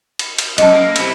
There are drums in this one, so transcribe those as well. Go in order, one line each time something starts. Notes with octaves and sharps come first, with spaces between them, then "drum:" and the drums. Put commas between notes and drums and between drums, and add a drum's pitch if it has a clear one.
drum: cymbal
drum: cymbal
C2 F#2 D#5 A5, drum: cymbal
A#3
C3 E4, drum: cymbal